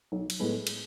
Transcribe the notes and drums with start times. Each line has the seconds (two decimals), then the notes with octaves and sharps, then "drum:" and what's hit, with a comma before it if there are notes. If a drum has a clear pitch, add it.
0.12 B1
0.30 drum: cymbal
0.40 A2 G#3 B3
0.67 drum: cymbal